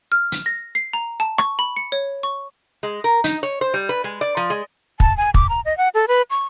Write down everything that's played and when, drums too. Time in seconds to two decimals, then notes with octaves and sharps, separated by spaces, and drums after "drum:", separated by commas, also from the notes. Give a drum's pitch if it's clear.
0.12 F6
0.32 drum: hi-hat
0.46 A#6
0.75 C7
0.93 A#5
1.20 A5
1.38 C#6, drum: rim click
1.59 B5
1.76 C#7
1.92 C#5
2.23 C#6
2.83 G#3
3.04 A#4
3.24 D#4, drum: hi-hat
3.43 C#5
3.61 C5
3.74 G3
3.89 B4
4.04 G#3
4.21 D5
4.37 F3
4.50 G#3
5.00 A5, drum: kick
5.17 G#5
5.34 D6, drum: kick
5.49 A#5
5.65 D#5
5.78 F#5
5.94 A4
6.08 B4
6.30 C#6